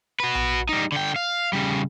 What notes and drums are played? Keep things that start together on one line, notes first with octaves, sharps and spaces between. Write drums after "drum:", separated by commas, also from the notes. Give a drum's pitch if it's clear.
F#4 B4
drum: tom A#1
G3 D#4
D3 G5
F5
C#3 G3